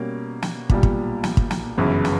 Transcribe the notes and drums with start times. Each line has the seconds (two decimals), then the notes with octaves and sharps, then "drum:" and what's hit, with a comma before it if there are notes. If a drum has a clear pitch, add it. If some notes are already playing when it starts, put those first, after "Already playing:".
Already playing: B2 G3 A#3 C#4
0.42 drum: snare
0.70 B1 A#2 G3, drum: kick
0.83 drum: kick
1.24 drum: snare
1.37 drum: kick
1.51 drum: snare
1.78 G1 F#2 C#3 E3
2.05 drum: snare